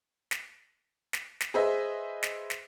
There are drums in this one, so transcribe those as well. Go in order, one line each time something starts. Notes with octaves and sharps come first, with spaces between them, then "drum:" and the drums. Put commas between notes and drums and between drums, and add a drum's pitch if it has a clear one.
drum: snare
drum: snare
drum: snare
G#4 B4 C5 D#5 E5
drum: snare
drum: snare